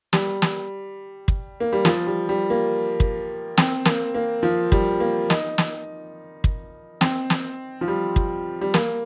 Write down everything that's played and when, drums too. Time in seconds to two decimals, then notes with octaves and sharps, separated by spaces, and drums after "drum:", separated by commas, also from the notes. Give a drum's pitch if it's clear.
0.13 G3, drum: snare
0.42 drum: snare
1.28 drum: kick
1.60 A#3
1.73 G3
1.85 F3, drum: snare
2.07 G3
2.29 G3
2.50 A#3
3.00 drum: kick
3.57 C4, drum: snare
3.85 A#3, drum: snare
4.14 A#3
4.43 F3
4.72 G3, drum: kick
5.00 A#3
5.30 D#4, drum: snare
5.58 drum: snare
6.44 drum: kick
7.01 C4, drum: snare
7.30 drum: snare
7.81 F3
7.88 G3
8.16 drum: kick
8.61 G3
8.74 A#3, drum: snare